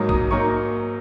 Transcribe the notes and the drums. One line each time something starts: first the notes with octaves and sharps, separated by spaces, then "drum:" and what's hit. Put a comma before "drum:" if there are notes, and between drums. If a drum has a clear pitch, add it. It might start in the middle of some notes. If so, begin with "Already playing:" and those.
Already playing: G#2 F#3 A#3 D#4
D#6, drum: kick A#1
F#3 A#3 D#4 C#6